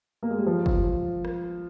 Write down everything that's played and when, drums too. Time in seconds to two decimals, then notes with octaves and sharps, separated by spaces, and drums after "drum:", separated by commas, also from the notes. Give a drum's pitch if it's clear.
0.23 A#3
0.30 G#3
0.38 G3
0.46 F3
0.66 drum: kick
1.25 drum: rim click